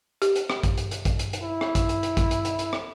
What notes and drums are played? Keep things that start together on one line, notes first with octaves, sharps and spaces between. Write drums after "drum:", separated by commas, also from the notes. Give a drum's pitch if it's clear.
G4, drum: hi-hat
drum: hi-hat
drum: rim click
drum: kick, hi-hat
drum: hi-hat
drum: hi-hat
drum: kick, hi-hat
drum: hi-hat
drum: hi-hat
E4
drum: rim click
drum: kick, hi-hat
drum: hi-hat
drum: hi-hat
drum: kick, hi-hat
drum: hi-hat
drum: hi-hat
drum: hi-hat
drum: rim click